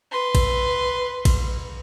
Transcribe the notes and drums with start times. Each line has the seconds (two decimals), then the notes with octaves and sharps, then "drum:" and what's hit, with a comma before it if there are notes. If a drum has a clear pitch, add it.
0.12 B4 C6
0.35 drum: kick A#1, cymbal
1.25 drum: kick A#1, cymbal